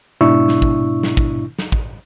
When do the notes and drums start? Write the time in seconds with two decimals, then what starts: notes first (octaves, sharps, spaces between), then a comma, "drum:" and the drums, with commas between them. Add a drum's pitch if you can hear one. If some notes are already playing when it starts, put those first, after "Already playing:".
0.21 G#2 B2 D4 E4 C#6 E6
0.48 drum: snare
0.62 drum: kick
1.03 drum: snare
1.17 drum: kick
1.59 drum: snare
1.72 drum: kick